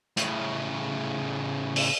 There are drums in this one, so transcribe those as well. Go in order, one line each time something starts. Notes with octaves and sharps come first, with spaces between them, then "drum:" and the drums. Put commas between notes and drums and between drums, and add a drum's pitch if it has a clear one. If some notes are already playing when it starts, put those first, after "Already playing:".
A2 C#3, drum: hi-hat
drum: open hi-hat